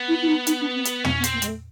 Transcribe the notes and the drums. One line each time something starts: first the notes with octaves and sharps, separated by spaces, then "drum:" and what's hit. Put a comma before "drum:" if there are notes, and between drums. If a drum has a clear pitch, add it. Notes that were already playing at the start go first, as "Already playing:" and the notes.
Already playing: B3
E4
E4
D#4
D#4, drum: hi-hat
D4
C4
drum: hi-hat
C4 C#4, drum: tom
B3
C4, drum: hi-hat
A#3
G#3, drum: hi-hat
A3